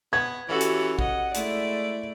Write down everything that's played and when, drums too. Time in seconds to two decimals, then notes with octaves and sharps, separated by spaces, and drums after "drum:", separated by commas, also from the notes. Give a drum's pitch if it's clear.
0.13 B3 G#6
0.49 E3 C#4 F#4 G4 A4
0.61 drum: hi-hat
0.99 D#5 F#5, drum: kick
1.34 G#3 A3 E4 D5, drum: hi-hat